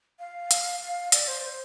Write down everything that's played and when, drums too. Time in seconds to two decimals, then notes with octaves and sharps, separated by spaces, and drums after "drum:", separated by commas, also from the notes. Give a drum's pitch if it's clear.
0.19 F5
0.51 drum: hi-hat
0.82 F5
1.12 D5, drum: hi-hat
1.28 C5
1.43 C5